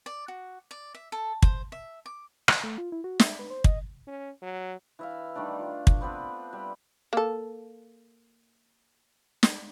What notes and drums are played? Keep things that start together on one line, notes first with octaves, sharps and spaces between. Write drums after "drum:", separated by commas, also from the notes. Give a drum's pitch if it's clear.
D5
F#4
D5
E5
A4
C5, drum: kick
E5
D6
G#6, drum: rim click
A3
F4
E4
F#4
E5, drum: snare
B4
C5
D#5, drum: kick
C#4
F#3
E3 E5 F5
D#3 G3 A3 D4
F4
drum: kick
B3 C4 D4 B4
G3
A#3 A4
drum: snare